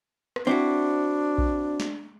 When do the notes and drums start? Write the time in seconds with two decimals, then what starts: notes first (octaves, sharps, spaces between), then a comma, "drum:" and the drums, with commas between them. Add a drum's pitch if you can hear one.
0.36 drum: rim click
0.47 C4 D4 E4 F#4
1.38 drum: kick A#1
1.80 drum: snare